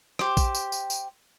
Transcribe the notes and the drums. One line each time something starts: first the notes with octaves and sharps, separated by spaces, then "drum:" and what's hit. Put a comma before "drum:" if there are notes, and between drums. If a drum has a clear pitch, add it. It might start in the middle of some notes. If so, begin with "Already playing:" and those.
G4 C5, drum: rim click
drum: kick A#1, tambourine
drum: tambourine
drum: tambourine
drum: tambourine